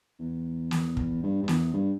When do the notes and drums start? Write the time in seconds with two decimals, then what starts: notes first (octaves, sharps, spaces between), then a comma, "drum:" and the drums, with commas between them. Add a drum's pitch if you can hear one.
0.19 E2
0.71 drum: snare
0.97 drum: kick
1.23 G2
1.43 G2
1.48 E2, drum: snare
1.73 G2